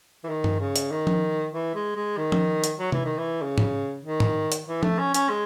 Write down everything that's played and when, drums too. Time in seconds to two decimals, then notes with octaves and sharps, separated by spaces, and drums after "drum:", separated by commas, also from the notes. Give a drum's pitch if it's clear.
0.24 E3
0.29 D#3
0.44 drum: tom G2
0.60 C#3
0.76 drum: hi-hat
0.91 D#3
1.07 drum: tom F3
1.54 E3
1.75 G#3
1.96 G#3
2.17 D#3
2.32 drum: tom F3
2.64 drum: hi-hat
2.79 F#3
2.92 E3, drum: tom C3
3.05 D#3
3.18 E3
3.42 C#3
3.58 drum: tom G#2
4.05 D#3
4.20 drum: tom G#2
4.52 drum: hi-hat
4.67 E3
4.83 A3, drum: tom F3
4.99 C#4
5.14 C#4, drum: hi-hat
5.29 G#3